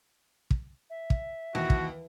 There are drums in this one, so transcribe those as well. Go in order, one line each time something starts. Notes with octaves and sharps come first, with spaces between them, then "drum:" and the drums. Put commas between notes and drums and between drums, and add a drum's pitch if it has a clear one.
drum: kick
E5
drum: kick
D#2 E3 F#4
drum: kick